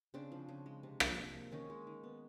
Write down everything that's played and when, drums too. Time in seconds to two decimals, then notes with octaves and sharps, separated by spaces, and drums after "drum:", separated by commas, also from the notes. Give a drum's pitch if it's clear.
0.14 C#3 C4 D4
0.32 F3
0.49 C#3
0.66 G#3
0.83 C3
1.00 F3, drum: rim click
1.18 C3
1.35 A#3
1.52 D#3 C#4 D#4
1.70 G#3
1.87 D#3
2.04 B3